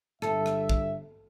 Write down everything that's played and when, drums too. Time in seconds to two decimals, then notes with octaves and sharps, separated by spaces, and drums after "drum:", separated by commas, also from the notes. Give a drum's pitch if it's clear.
0.22 G1 G2 A4 E5, drum: rim click
0.46 drum: rim click
0.69 drum: kick